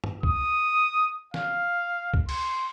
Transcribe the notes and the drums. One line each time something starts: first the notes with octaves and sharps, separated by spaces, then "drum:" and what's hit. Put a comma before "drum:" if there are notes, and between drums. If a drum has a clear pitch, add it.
drum: tom G2
D#6, drum: kick C2
F5, drum: snare
drum: kick C2
C6, drum: cymbal